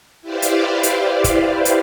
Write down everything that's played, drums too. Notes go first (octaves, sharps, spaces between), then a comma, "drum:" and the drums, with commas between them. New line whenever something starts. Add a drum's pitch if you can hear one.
E4 G4 B4 C5 D5 F5
drum: hi-hat
drum: hi-hat
drum: kick, hi-hat
drum: hi-hat